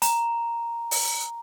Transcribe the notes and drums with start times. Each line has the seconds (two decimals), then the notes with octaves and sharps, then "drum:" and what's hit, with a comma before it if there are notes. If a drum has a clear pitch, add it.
0.02 A#5, drum: hi-hat
0.91 drum: open hi-hat